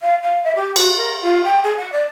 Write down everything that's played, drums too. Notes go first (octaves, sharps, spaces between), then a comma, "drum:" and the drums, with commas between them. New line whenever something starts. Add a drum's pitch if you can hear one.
F5
F5
E5
G4
F#4, drum: cymbal
A#4
F4
G5
G#4
F#5
D5